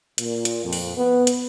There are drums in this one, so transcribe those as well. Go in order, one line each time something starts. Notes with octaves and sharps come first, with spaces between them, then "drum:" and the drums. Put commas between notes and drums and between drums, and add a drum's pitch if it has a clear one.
A#2, drum: hi-hat
drum: hi-hat
F2
drum: open hi-hat
B3
drum: hi-hat